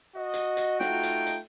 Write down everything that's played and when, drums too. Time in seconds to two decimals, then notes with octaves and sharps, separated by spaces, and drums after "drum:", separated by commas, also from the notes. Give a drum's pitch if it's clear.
0.16 F#4 D#5
0.34 drum: hi-hat
0.57 drum: hi-hat
0.80 A3 D#4 F4 G5, drum: snare
1.03 drum: hi-hat
1.27 drum: hi-hat